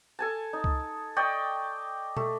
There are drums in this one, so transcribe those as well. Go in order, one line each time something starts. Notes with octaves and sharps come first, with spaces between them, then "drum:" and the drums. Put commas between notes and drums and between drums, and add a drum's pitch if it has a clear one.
A4 G#5 A5
D#4
drum: kick C#2
D5 D#5 G5 C#6
A3, drum: tom